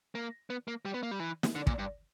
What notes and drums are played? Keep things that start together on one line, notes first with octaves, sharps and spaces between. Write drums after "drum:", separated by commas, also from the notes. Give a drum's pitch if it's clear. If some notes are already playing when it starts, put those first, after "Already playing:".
A#3
B3
A#3
G3
B3
A#3
G3
E3
drum: snare
D3
A#2, drum: kick
G2